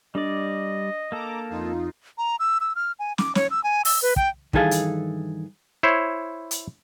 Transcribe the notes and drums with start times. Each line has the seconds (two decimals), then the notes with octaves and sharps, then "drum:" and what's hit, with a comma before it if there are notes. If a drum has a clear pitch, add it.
0.15 G3 D4 D5 D#5
1.12 A#3 A4 A#5 D6
1.50 F2 D#4 F4
2.18 A#5
2.39 E6
2.60 E6
2.76 F6
2.99 G#5
3.18 D6, drum: snare
3.35 C#5, drum: snare
3.51 E6
3.64 G#5
3.85 E6, drum: open hi-hat
4.02 B4
4.16 G5, drum: kick
4.53 G2 D#3 E3 G#4 A4 F5, drum: kick
4.71 drum: hi-hat
5.83 E4 C5 C#5
6.51 drum: hi-hat